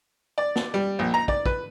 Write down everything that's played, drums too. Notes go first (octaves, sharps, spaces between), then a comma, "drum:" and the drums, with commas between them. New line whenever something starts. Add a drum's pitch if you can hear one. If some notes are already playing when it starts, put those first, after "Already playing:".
D5
drum: snare
G3
A#1
A#5
D5, drum: kick
B4, drum: kick